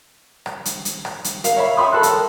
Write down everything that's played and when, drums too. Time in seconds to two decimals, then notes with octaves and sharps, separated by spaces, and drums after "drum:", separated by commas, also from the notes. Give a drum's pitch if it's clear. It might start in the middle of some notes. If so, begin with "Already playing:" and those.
0.46 drum: rim click
0.65 drum: hi-hat
0.85 drum: hi-hat
1.05 drum: rim click
1.24 drum: hi-hat
1.44 A#4 F5, drum: hi-hat
1.57 C#5 E5 B5
1.77 E5 G5 B5 C6 D#6
1.92 A4 A#4 F#6
2.03 drum: hi-hat